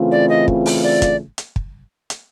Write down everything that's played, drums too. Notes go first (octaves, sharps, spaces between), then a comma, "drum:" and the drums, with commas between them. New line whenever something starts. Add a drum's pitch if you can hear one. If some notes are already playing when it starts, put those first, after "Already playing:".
Already playing: C#3 E3 A3 C4 F4
D5
D#5
drum: kick
drum: open hi-hat
D5
drum: kick, hi-hat
drum: hi-hat
drum: kick
drum: hi-hat